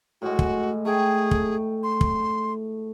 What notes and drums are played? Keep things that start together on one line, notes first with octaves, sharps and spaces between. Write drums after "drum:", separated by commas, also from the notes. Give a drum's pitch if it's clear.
A2 G#3 F#4
drum: kick
A3 G#4 G5 B5
drum: kick
C6
drum: kick